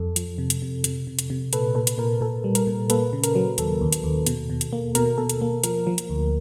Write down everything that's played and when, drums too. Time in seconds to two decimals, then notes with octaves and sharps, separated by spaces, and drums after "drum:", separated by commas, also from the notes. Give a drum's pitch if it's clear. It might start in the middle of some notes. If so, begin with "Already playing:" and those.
Already playing: F2 A4
0.16 F3, drum: hi-hat
0.38 C3
0.50 drum: hi-hat
0.62 C3
0.84 C3, drum: hi-hat
1.07 C3
1.19 drum: hi-hat
1.30 C3
1.53 A#2 A4 B4, drum: hi-hat
1.75 A#2 A4 B4
1.87 drum: hi-hat
1.98 A#2 A#4
2.21 A#2 A4
2.44 G3
2.55 A#4, drum: hi-hat
2.67 A#2
2.90 A#3 A4 B4, drum: hi-hat
3.13 C#3
3.24 A#4, drum: hi-hat
3.35 F#3
3.58 D#2 A4, drum: hi-hat
3.81 D#2
3.93 drum: hi-hat
4.04 D#2
4.26 B2, drum: hi-hat
4.50 B2
4.61 drum: hi-hat
4.73 A#3
4.95 B2 A#4, drum: hi-hat
5.18 B2 A4
5.29 drum: hi-hat
5.41 A#3
5.64 F3 A#4, drum: hi-hat
5.87 F3
5.98 drum: hi-hat
6.10 D2